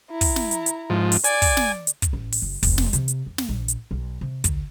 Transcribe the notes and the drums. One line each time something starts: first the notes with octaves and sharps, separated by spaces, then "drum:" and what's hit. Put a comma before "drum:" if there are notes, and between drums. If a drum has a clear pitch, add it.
E4 A#5
drum: kick, open hi-hat
drum: snare
drum: hi-hat
drum: hi-hat
G#2 F3
drum: open hi-hat
D5 G#5, drum: hi-hat
drum: kick, open hi-hat
drum: snare
drum: hi-hat
drum: kick, hi-hat
A1
drum: open hi-hat
F#1
F1, drum: kick, open hi-hat
drum: snare
C3, drum: hi-hat
drum: hi-hat
F2
drum: snare
A#1
drum: hi-hat
B1
C3
D2, drum: kick, hi-hat